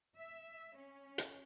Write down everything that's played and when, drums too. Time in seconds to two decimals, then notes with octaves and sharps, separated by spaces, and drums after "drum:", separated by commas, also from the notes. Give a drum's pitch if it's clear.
0.17 E5
0.76 C#4
1.18 drum: hi-hat